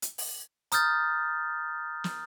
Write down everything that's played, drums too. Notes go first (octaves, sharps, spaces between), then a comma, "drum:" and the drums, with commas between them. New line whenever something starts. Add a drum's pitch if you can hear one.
drum: hi-hat
drum: open hi-hat
A#5 D#6 F6 G6 A6, drum: hi-hat
drum: snare